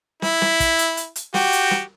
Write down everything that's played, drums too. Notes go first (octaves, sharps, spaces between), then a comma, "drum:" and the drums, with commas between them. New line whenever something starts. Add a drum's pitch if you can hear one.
E4, drum: snare
drum: snare
drum: kick, hi-hat
drum: hi-hat
drum: hi-hat
drum: hi-hat
F#4 G4, drum: snare
drum: hi-hat
drum: snare